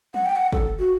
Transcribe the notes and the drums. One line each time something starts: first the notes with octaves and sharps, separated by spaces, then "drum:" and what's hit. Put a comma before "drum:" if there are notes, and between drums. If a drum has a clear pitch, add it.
F#5, drum: tom
G5
F#5
A4, drum: kick
F#4